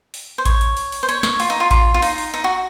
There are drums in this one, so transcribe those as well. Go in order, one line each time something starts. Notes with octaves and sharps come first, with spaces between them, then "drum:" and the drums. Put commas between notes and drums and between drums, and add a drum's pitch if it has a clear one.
drum: open hi-hat
C5
C#5, drum: kick A1, hi-hat
drum: hi-hat
drum: open hi-hat
drum: open hi-hat
C5
C#5, drum: hi-hat
C#5, drum: snare
F4, drum: open hi-hat
D#4
F4
F4, drum: kick A1, hi-hat
F4
D#4, drum: open hi-hat
drum: open hi-hat
D#4
F#4